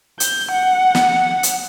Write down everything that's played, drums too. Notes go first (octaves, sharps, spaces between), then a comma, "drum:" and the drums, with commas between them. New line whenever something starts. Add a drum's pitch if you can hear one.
G6, drum: hi-hat
F#5
drum: snare
drum: hi-hat